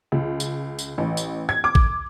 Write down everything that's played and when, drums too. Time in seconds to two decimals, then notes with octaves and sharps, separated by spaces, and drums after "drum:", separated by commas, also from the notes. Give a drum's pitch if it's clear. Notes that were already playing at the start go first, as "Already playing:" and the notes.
0.12 C#2
0.40 drum: tambourine
0.79 drum: tambourine
0.98 A1
1.17 drum: tambourine
1.49 G#6
1.64 D6
1.75 drum: kick A1